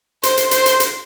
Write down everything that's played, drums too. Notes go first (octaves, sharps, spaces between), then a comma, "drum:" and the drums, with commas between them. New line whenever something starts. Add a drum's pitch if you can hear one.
C5, drum: hi-hat
drum: hi-hat
C5, drum: hi-hat
drum: hi-hat
drum: hi-hat